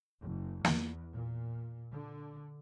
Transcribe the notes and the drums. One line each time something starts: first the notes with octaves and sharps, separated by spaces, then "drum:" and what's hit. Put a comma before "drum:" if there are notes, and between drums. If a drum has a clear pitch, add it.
F#1
E2, drum: snare
A#2
D3